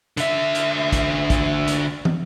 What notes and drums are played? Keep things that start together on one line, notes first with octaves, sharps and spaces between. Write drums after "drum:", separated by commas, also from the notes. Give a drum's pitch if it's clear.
D3 E5, drum: hi-hat
drum: hi-hat
drum: kick, hi-hat
drum: kick, hi-hat
drum: hi-hat
drum: tom